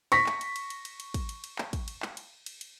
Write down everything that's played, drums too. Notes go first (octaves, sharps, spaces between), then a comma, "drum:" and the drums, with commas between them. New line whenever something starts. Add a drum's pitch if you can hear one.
C#6 A#6 B6, drum: cymbal
drum: clap
drum: cymbal
drum: cymbal
drum: cymbal
drum: cymbal
drum: cymbal
drum: kick, cymbal
drum: cymbal
drum: cymbal
drum: clap
drum: kick, cymbal
drum: cymbal
drum: clap
drum: cymbal
drum: cymbal
drum: cymbal